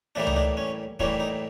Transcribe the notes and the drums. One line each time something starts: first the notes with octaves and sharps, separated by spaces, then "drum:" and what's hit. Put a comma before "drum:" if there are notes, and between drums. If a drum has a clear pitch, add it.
A2 E3 G3 A#3 D4
D#4, drum: tom C#2
D4
C#4
A2 E3 G3 A#3 C#4, drum: kick
D#4